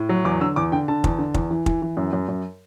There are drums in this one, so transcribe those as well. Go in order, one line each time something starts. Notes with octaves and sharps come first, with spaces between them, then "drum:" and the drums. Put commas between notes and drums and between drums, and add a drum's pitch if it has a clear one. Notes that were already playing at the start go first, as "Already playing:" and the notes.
Already playing: A2
F#3
E2 D6
D3 E6
E2 D6
D3 G5
D3 A5
E2, drum: kick
D3
E2, drum: kick
E3
E3, drum: kick
E3
F#2
F#2
F#2